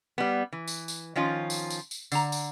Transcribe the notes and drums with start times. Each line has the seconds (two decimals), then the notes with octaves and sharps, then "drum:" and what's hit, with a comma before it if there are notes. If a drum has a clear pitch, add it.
0.18 G3 B3
0.53 E3
0.68 drum: tambourine
0.88 drum: tambourine
1.15 D#3 F3 C#4 F4
1.50 drum: tambourine
1.70 drum: tambourine
1.91 drum: tambourine
2.12 D3 A#5, drum: tambourine
2.32 drum: tambourine